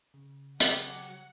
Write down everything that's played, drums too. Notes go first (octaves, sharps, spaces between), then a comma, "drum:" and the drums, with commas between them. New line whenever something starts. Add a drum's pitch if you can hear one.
C#3
F#3 G4 G#4 F#5, drum: hi-hat